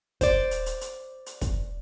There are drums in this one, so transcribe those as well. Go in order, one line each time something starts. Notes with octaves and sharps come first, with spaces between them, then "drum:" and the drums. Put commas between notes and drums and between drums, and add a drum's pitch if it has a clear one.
C5 D5, drum: kick, hi-hat
drum: hi-hat
drum: hi-hat
drum: hi-hat
drum: hi-hat
drum: kick, hi-hat